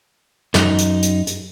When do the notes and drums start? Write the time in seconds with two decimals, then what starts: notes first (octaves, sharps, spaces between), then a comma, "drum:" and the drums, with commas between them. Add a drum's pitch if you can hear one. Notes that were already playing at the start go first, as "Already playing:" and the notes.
0.54 F#2 D#4, drum: snare
0.78 drum: hi-hat
1.03 drum: hi-hat
1.27 drum: hi-hat